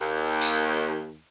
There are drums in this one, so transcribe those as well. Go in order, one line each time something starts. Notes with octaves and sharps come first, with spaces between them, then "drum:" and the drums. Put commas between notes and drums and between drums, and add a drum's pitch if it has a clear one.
D#2
drum: tambourine